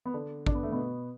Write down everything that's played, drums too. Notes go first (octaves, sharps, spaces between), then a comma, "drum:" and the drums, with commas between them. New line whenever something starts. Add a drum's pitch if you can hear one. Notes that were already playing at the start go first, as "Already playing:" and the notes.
B3
D3 D4
D4, drum: kick
B3
A3
B2 B3